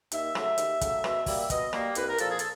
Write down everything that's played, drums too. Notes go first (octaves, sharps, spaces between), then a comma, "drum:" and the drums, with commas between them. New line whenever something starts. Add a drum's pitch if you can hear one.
D#2 E5, drum: hi-hat
C#3 F#3 A3, drum: rim click
D#2, drum: hi-hat
C#3 F#3 A3, drum: kick, hi-hat
B2, drum: rim click
G3 A#3, drum: kick, open hi-hat
E5
B2 D#5, drum: kick, hi-hat
G3 A#3, drum: rim click
C2 B4, drum: hi-hat
A#4
A#2 F3 A4, drum: hi-hat
G#4
A4, drum: hi-hat